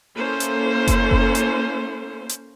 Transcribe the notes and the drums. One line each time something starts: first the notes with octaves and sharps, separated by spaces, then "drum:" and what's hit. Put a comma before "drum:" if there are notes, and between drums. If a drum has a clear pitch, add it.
A#3 C#4 E4 A4 C5
drum: hi-hat
drum: kick F#1, hi-hat
drum: kick F#1
drum: hi-hat
drum: hi-hat